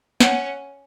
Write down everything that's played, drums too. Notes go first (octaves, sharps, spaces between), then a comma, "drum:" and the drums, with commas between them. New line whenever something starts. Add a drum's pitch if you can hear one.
C#4 F#5, drum: snare